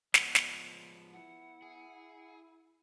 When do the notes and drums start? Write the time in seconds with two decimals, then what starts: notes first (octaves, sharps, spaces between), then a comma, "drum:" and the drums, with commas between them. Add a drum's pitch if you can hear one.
0.14 F3 G#3 B3, drum: snare
0.35 drum: snare
1.12 E4 F#5
1.62 G#4